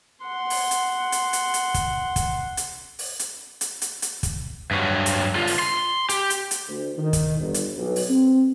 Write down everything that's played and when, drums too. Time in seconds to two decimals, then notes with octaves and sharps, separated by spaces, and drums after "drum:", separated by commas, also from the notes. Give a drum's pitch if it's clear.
0.24 F#5 C6
0.50 drum: open hi-hat
0.71 drum: hi-hat
1.12 drum: hi-hat
1.33 drum: hi-hat
1.54 drum: hi-hat
1.74 drum: kick, hi-hat
2.16 drum: kick, hi-hat
2.57 drum: hi-hat
2.99 drum: open hi-hat
3.19 drum: hi-hat
3.61 drum: hi-hat
3.82 drum: hi-hat
4.02 drum: hi-hat
4.23 drum: kick, hi-hat
4.71 G2 F#3
5.06 drum: hi-hat
5.35 D3 F4
5.47 drum: open hi-hat
5.59 C6
6.09 G4, drum: hi-hat
6.30 drum: hi-hat
6.51 drum: hi-hat
6.68 D2
6.98 D#3
7.13 drum: kick, hi-hat
7.40 G1
7.54 drum: hi-hat
7.78 B1
7.96 drum: open hi-hat
8.09 C4